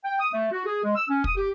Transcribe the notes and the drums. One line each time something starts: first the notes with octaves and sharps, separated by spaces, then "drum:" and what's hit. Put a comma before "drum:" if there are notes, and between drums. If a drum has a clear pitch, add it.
G5
D#6
A3
F#4
G#4
G#3
E6
C#4
D#6, drum: kick
G4